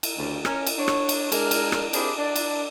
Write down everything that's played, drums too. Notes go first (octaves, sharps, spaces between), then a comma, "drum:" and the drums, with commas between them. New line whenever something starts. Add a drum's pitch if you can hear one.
drum: cymbal
D2 C#3
C#4 A#4, drum: rim click
drum: cymbal
D4 C#5
drum: rim click
drum: cymbal
G#3 D4 A#4, drum: cymbal
drum: cymbal
drum: rim click
C4 D4 E4 G4 G#4 A#4, drum: cymbal
D4 D5
drum: cymbal